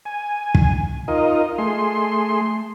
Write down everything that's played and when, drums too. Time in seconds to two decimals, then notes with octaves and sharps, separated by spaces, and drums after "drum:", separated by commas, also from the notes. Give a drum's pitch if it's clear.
0.05 G#5
0.55 drum: kick
1.08 D#4 F4 A#4 D#5
1.58 A3 G#4 C6